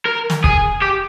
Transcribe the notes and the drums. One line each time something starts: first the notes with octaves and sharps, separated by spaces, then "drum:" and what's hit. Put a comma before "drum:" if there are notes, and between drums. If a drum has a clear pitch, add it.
A#4
drum: snare
G#4, drum: kick
G4